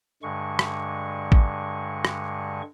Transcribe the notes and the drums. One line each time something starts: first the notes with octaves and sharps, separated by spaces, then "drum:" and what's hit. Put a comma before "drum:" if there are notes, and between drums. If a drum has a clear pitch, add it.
G2 D3 G#3 C#6
drum: rim click
drum: kick A1
drum: rim click